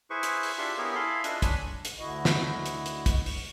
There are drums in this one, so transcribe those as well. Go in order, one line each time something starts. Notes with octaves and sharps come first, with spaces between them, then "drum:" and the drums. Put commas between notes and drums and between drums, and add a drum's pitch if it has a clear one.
E4 G#4 B4 C5 C#6
drum: hi-hat
drum: open hi-hat
D4 F4 G4 E5 C6
B3 E4 G4 G#4 A#4 C#5
E4 G#4 A4 F5 B5 C6
D4 F4 A4 B4 D#5 E5, drum: hi-hat
D4 C#5 G#5 B5, drum: kick, hi-hat
drum: hi-hat
D2 D3 E4 F#4 D#5
drum: snare
drum: hi-hat
drum: hi-hat
drum: kick, hi-hat
drum: open hi-hat